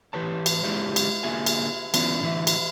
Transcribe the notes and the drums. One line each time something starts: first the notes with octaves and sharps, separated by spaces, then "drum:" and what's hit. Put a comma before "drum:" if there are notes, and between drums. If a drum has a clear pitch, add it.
E3 G4 B4 C#5 A5
drum: cymbal
G#3 D4 E4 F4 G4 C#5
drum: cymbal
D3 A#3 F4 G#4 E5 G#5
drum: cymbal
E3 B3 C#4 D4 E4 F4, drum: cymbal
A2 D3 E3 E5
drum: cymbal